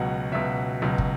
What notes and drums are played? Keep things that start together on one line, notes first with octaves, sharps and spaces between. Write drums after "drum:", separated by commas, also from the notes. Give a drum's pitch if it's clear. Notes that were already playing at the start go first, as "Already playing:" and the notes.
Already playing: C#2 B2 F#3 F#5
C#2 B2 F#3 E5
C#2 B2 F#3
drum: kick